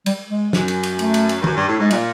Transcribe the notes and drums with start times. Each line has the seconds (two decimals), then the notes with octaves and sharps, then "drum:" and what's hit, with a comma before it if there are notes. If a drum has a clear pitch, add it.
0.06 G3, drum: cymbal
0.29 G#3
0.53 F#2, drum: snare
0.68 drum: cymbal
0.83 drum: cymbal
0.99 A3, drum: cymbal
1.14 drum: cymbal
1.29 drum: cymbal
1.40 G2
1.44 F#2, drum: tom D#3
1.56 G2
1.67 A2
1.78 G#2 G#3
1.91 A#2 G3, drum: cymbal